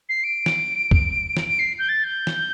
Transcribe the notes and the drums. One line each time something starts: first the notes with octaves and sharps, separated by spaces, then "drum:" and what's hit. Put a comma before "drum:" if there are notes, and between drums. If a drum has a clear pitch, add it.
C7
D7
drum: snare
drum: kick
drum: snare
D7
C7
G6
A6
G6
drum: snare